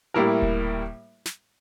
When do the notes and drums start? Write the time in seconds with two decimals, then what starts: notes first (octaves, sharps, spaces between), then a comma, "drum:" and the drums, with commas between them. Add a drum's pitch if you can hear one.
0.14 A2 G3 A#3 E4 A#4
0.42 drum: kick D#1
1.26 drum: snare